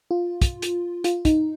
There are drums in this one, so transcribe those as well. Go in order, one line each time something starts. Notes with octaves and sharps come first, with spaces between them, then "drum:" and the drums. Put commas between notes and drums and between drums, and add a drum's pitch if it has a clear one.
F4
drum: kick, hi-hat
drum: hi-hat
F4, drum: hi-hat
D#4, drum: kick, hi-hat